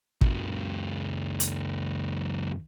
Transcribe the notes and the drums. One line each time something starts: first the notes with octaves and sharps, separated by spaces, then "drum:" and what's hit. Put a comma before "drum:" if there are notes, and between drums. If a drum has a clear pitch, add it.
C#2 F#2, drum: kick
drum: hi-hat